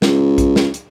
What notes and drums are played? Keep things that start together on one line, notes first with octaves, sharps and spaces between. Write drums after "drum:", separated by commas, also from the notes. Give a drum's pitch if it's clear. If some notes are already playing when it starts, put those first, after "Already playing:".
C#2, drum: snare
drum: kick A#1, hi-hat
drum: snare
drum: hi-hat